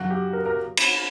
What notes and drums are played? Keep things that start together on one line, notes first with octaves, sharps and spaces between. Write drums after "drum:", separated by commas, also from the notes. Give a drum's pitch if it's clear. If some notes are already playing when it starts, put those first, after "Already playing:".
Already playing: F#2 C#3 F#3 F#4
G4
A#4
A#4
drum: cymbal